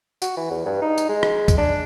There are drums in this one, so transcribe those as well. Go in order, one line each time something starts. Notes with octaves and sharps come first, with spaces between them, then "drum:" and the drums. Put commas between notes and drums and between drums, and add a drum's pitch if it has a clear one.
F#4, drum: tambourine
E3
E2
G2
D#4
drum: tambourine
G#3
drum: rim click
drum: kick, tambourine
D4